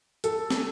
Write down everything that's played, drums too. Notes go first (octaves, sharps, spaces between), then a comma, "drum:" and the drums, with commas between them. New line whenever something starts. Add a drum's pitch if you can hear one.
A4, drum: hi-hat
drum: snare